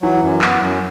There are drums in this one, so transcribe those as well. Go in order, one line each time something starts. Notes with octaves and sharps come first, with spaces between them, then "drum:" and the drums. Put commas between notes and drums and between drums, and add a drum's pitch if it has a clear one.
E3 F#3
F#2
B3, drum: clap
F#2